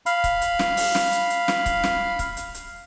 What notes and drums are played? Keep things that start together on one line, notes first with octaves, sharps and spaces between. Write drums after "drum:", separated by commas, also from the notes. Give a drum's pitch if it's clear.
F5 B5, drum: hi-hat
drum: kick C#1, hi-hat
drum: hi-hat
drum: snare
drum: open hi-hat
drum: snare
drum: hi-hat
drum: hi-hat
drum: snare
drum: kick C#1, hi-hat
drum: snare
drum: kick C#1, hi-hat
drum: hi-hat
drum: hi-hat